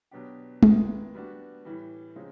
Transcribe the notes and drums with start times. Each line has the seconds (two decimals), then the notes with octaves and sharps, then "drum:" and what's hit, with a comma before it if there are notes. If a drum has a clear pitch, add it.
0.11 B2 F#3 B3 D4 G4
0.63 D#3 G#3 B3 E4 G#4, drum: tom
1.14 G3 B3 D4 F#4
1.65 A2 E3 G3
2.16 C#3 F3 G#3 C4 D#4